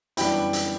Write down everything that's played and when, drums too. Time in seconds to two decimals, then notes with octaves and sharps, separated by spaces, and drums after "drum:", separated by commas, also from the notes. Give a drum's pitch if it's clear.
0.17 F#2 E3 G3 B3 D4 G5 B5, drum: hi-hat
0.53 drum: hi-hat